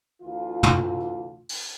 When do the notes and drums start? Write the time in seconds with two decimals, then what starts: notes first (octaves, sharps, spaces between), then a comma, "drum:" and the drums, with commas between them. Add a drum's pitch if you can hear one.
0.22 D2 E3 F4
0.63 drum: tom
1.49 drum: open hi-hat